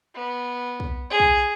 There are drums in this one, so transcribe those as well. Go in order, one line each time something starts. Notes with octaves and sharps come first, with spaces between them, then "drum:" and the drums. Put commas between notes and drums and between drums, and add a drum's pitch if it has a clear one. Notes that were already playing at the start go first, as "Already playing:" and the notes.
B3
drum: kick
G#4
drum: kick